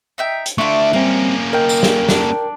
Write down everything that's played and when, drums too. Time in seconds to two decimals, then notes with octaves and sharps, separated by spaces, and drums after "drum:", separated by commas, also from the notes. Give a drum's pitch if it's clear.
0.18 D#4 E5 G5
0.46 drum: hi-hat
0.58 A3 D4 E4 F4 C#6
0.93 G3 A#3 C4 C#4 A#4
1.53 A#4 D#5 G5
1.69 drum: tambourine
1.83 drum: snare
2.09 D4, drum: snare